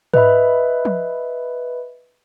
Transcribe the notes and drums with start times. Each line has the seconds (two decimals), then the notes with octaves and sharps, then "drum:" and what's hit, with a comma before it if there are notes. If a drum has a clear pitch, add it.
0.14 B4 D#5 E5 B5, drum: tom G#2
0.85 drum: tom F3